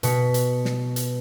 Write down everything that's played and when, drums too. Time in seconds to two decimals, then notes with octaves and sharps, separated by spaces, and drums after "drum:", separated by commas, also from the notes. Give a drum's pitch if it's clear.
0.03 B2 B6 C#7, drum: hi-hat
0.34 drum: hi-hat
0.65 drum: snare
0.96 drum: hi-hat